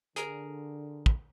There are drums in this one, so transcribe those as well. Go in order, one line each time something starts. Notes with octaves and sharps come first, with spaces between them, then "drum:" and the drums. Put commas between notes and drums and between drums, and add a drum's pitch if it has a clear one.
D3 G#4 A#4, drum: hi-hat
drum: kick